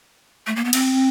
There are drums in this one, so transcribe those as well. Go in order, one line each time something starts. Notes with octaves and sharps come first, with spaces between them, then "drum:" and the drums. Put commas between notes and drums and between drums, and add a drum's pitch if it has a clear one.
A3
A#3
B3
C4, drum: cymbal